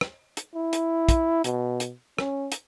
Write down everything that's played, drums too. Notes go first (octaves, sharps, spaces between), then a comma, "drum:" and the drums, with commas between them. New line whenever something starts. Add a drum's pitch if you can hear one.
drum: rim click
drum: hi-hat
E4
drum: hi-hat
drum: kick, hi-hat
B2, drum: hi-hat
drum: hi-hat
C#4, drum: rim click
drum: hi-hat